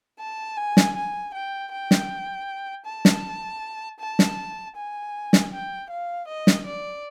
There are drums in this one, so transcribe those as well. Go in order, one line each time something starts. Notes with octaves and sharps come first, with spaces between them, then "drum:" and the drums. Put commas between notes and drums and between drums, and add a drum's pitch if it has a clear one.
A5
G#5
drum: snare
G#5
G5
G5
drum: snare
A5
drum: snare
A5
drum: snare
G#5
drum: snare
G5
F5
D#5
drum: snare
D5